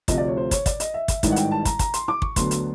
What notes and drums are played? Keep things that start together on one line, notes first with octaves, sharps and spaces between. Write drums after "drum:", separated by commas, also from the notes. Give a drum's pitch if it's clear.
D2 C3 F3 A3 D#5, drum: kick, hi-hat
D5
C#5
C5
C#5, drum: kick, hi-hat
D5, drum: kick, hi-hat
D#5, drum: hi-hat
E5
drum: kick, hi-hat
A1 G#2 D#3 G3, drum: kick, hi-hat
F#5
G5, drum: hi-hat
A5
A#5, drum: kick, hi-hat
A#5, drum: kick, hi-hat
C6, drum: hi-hat
D6
C#6, drum: kick
D2 D3 F#3 B3 C6, drum: kick, hi-hat
drum: hi-hat